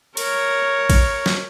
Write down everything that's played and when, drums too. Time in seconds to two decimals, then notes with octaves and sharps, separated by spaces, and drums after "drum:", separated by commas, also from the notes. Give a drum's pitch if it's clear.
0.17 A#4 C#5, drum: cymbal
0.90 drum: kick A1, cymbal
1.26 drum: snare